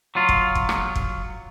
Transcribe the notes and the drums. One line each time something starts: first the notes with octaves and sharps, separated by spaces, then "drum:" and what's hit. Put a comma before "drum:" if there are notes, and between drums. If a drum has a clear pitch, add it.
F#3 F4
drum: kick
drum: kick
drum: rim click
drum: kick